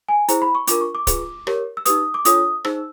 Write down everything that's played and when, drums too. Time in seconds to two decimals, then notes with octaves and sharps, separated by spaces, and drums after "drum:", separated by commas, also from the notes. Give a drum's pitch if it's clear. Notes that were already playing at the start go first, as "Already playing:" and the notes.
0.09 G#5
0.28 E4 G#4 C5 A#5, drum: hi-hat
0.42 B5
0.55 C#6
0.67 D4 F4 A#4 D6, drum: hi-hat
0.81 C#6
0.95 D6
1.07 F4 G#4 B4, drum: kick C#1, hi-hat
1.47 G4 A#4 C#5, drum: rim click
1.77 E6
1.85 D#4 G4 B4 D#6, drum: hi-hat
2.14 D6
2.25 D4 F4 A4 C#5 D#6, drum: hi-hat
2.64 D#4 G#4 C5 E6, drum: rim click